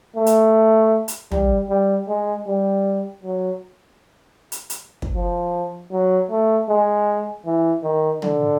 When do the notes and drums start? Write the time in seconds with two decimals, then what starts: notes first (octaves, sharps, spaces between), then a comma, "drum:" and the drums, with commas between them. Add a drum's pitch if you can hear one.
0.16 A3
0.26 drum: hi-hat
1.08 drum: hi-hat
1.32 G3, drum: tom
1.70 G3
2.08 G#3
2.47 G3
3.23 F#3
4.52 drum: hi-hat
4.70 drum: hi-hat
5.02 drum: kick
5.15 F3
5.92 F#3
6.31 A3
6.69 G#3
7.45 E3
7.83 D#3
8.22 D3, drum: tom